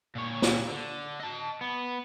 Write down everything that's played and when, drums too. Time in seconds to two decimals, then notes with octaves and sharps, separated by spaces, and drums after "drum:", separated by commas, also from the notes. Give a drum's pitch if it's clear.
0.15 A#2 C#5
0.42 drum: snare
0.69 D3
1.20 D#5 A5
1.61 B3